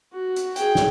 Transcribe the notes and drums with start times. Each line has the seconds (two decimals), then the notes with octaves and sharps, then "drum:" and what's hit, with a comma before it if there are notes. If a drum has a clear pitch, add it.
0.13 F#4
0.36 drum: hi-hat
0.56 G#4 G5, drum: hi-hat
0.75 drum: snare